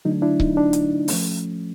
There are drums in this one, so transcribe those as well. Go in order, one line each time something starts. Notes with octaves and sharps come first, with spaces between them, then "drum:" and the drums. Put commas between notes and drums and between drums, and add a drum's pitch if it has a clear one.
D3 F#3 A3 D4 D#4
D4 E4
D#4, drum: kick C#1
D4
drum: hi-hat
F3 A3 C#4, drum: open hi-hat